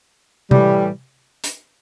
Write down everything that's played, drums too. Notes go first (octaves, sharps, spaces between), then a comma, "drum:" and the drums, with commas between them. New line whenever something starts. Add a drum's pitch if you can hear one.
A2 E3 G3, drum: tom C3
drum: hi-hat